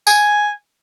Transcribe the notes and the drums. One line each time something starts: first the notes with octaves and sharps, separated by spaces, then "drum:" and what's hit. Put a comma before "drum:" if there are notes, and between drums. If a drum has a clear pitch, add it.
G#5, drum: tambourine